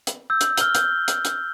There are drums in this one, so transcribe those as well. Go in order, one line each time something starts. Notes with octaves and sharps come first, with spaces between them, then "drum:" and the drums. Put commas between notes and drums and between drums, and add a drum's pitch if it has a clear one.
drum: hi-hat
E6 G6
drum: hi-hat
F6 G7, drum: hi-hat
G6, drum: hi-hat
drum: hi-hat
drum: hi-hat